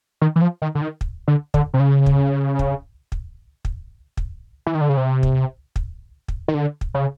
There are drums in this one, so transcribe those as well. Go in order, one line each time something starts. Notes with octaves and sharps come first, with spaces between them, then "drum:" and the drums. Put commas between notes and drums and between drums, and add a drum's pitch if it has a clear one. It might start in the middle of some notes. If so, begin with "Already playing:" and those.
D#3
E3
F3
D#3
D3
D#3
drum: kick
D3
D3, drum: kick
C3
C#3
drum: kick
drum: kick
drum: kick
drum: kick
drum: kick
E3
D#3
D3
C#3
C3
drum: kick
drum: kick
drum: kick
D#3
D3
drum: kick
C#3